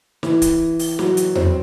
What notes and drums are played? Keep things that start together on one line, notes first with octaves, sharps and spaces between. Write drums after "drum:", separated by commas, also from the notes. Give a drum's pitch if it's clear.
E3, drum: snare
drum: kick C#1, hi-hat
drum: open hi-hat
F#3, drum: snare
drum: hi-hat
C4, drum: tom E2